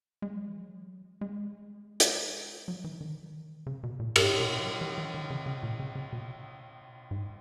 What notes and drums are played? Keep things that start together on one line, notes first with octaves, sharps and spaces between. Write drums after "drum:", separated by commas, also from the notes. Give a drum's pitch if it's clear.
G#3
F#3
E3
F#3
G#3
drum: hi-hat
F#3
E3
D#3
C#3
B2
A#2
G#2, drum: cymbal
B2
E3
F#3
E3
E3
D#3
C#3
C#3
A#2
C#3
C#3
B2
G#2